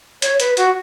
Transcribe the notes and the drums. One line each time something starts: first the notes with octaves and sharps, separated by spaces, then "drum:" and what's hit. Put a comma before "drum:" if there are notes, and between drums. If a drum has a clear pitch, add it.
C#5, drum: hi-hat
B4, drum: hi-hat
F#4, drum: hi-hat